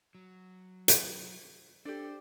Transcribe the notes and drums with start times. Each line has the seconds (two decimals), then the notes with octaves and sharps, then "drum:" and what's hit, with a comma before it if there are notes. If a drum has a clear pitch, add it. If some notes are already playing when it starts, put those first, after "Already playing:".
0.15 F#3
0.88 drum: hi-hat
1.85 D4 G4 A4 C5 D5